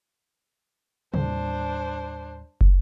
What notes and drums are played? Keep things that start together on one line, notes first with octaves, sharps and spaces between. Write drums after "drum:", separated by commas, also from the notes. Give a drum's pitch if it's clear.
D#2 A2 G3 D4 C5, drum: tom C3
drum: kick